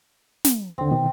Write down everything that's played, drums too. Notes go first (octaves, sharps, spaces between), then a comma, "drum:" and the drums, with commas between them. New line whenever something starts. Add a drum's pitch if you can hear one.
drum: snare
D#2 D3 C4
B2 D#3